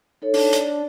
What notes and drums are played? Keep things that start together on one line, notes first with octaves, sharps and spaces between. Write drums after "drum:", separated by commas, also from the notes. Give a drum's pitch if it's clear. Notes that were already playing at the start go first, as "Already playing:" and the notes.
D#4 A4 C#5
D4, drum: open hi-hat
D5, drum: hi-hat